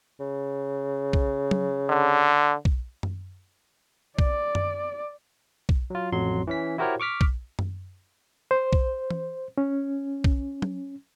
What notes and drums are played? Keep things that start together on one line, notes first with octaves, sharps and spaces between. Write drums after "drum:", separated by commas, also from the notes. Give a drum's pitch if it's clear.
C#3
drum: kick
drum: tom F#3
D3
drum: kick
drum: tom F#2
D5, drum: kick
drum: tom F#2
drum: kick
F#3 F4
A1 F2 F#3 C6
E3 C#4 B6
E4 F#4 G4 A#4 C5 C#5
C#6 D6 F6 B6
drum: kick
drum: tom F#2
C5
drum: kick
drum: tom E3
C#4
drum: kick
drum: tom F#3